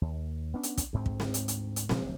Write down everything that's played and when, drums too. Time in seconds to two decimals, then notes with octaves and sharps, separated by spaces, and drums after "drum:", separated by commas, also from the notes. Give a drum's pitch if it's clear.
0.02 D#2
0.54 B3 C#4 D4
0.63 drum: hi-hat
0.77 drum: kick, hi-hat
0.93 D2 G#2 G3 C4
1.06 drum: kick
1.20 drum: snare C4
1.34 drum: hi-hat
1.48 drum: hi-hat
1.76 drum: hi-hat
1.89 A#2 F3 G#3 A#3, drum: snare C4
2.04 F1 D2 F#3